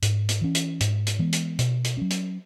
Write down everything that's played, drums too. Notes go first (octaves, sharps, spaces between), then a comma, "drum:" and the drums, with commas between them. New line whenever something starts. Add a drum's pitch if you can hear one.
G#2, drum: hi-hat
drum: hi-hat
E3 C#4
drum: hi-hat
G#2, drum: hi-hat
drum: hi-hat
E3 G#3 B3
drum: hi-hat
B2, drum: hi-hat
drum: hi-hat
F#3 C#4
drum: hi-hat